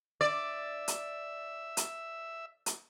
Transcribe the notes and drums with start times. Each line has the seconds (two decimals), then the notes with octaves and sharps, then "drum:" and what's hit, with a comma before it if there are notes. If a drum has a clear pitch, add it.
0.21 D5 E5
0.88 drum: hi-hat
1.77 drum: hi-hat
2.66 drum: hi-hat